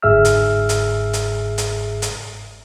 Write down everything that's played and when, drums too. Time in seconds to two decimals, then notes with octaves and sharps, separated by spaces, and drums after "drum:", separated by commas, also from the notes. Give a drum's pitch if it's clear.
0.02 G1 G#2 G#4 E5 E6 F6
0.25 drum: hi-hat
0.69 drum: hi-hat
1.13 drum: hi-hat
1.58 drum: hi-hat
2.02 drum: hi-hat